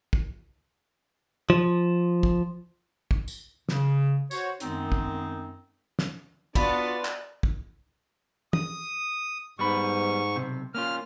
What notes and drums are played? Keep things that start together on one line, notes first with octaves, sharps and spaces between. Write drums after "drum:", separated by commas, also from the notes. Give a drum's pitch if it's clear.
drum: kick
F3
drum: kick
drum: kick
drum: tambourine
C#3, drum: snare
F#4 C5 C#5, drum: tambourine
F#2 D#3 G#3 B3 C4 D#4, drum: hi-hat
drum: kick
drum: snare
B3 D4 F4 F#4 D5, drum: kick
drum: clap
drum: kick
D#6, drum: tom
G#2 G3 B3 B5 C#6
B1 C3
A#3 C#4 F4 F6